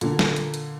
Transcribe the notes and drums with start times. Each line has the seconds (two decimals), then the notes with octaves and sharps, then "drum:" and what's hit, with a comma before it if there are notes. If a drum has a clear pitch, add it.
0.01 A#2 D3, drum: hi-hat
0.19 drum: snare
0.36 drum: hi-hat
0.54 drum: hi-hat